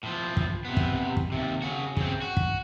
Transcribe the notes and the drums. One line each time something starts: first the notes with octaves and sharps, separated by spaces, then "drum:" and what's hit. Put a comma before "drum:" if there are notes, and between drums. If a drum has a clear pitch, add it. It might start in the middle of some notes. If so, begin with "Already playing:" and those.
A2 F3
drum: kick
C3 B3
drum: kick
drum: kick
D#2 C3
C#3 F#4
C#3 C4, drum: kick
F#4
drum: kick